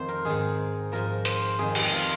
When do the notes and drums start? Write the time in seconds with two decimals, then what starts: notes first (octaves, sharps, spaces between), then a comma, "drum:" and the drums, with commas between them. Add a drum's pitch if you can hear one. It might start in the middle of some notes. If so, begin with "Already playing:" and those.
Already playing: F2 D#3 C5
0.09 A#4
0.25 G#2 D#3 G#4
0.92 G#2 F3 A#4
1.25 C5, drum: hi-hat
1.59 F2 D#3 G#4
1.75 G4, drum: cymbal
1.92 F4